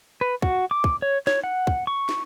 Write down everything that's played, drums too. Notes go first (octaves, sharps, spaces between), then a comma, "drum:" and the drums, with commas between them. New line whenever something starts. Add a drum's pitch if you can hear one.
B4
F#4, drum: kick
D6
drum: kick
C#5
C#5, drum: snare
F#5
drum: kick
C#6
drum: snare